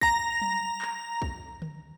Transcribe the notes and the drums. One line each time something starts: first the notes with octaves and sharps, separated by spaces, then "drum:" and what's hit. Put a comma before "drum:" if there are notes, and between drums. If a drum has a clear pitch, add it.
A#5 A#6, drum: kick
drum: tom F#3
drum: clap
drum: kick
drum: tom D3